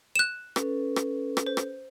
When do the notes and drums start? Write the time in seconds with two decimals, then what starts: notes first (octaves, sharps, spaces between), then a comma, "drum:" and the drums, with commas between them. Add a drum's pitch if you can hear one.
0.16 F#6 E7
0.56 C#4 A4 B4, drum: rim click
0.96 drum: rim click
1.37 drum: rim click
1.46 C5
1.57 drum: rim click